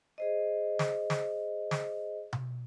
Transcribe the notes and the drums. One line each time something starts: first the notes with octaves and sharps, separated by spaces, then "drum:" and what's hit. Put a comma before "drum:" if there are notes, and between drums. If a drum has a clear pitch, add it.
G#4 C5 D#5
drum: snare
drum: snare
drum: snare
drum: tom B2